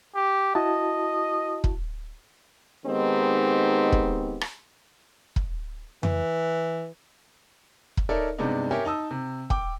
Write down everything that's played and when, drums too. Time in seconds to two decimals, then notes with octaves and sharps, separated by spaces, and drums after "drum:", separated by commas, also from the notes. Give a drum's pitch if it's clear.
0.16 G4
0.55 E4 F#4 D#5 A5
1.64 drum: kick
2.86 D#3 G#3 B3 C4 D#4 G4
3.92 drum: kick
4.41 drum: rim click
5.36 drum: kick
6.03 E3, drum: tom F2
7.97 drum: kick
8.09 D#4 A4 A#4 C#5 D5 E5
8.38 G2 C3 G#3 B3 D4 D#4
8.71 G4 A#4 C#5 E5 G5 G#5
8.85 D#4 A5 D#6 E6
9.11 C3
9.50 G5 D6, drum: kick